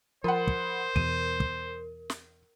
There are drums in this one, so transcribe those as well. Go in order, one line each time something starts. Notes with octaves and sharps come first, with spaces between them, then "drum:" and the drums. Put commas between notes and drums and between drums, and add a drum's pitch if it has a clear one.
F3 A#4 C5 F#5 B5 C6
drum: kick
E2 B2 D#7, drum: kick
drum: kick
drum: snare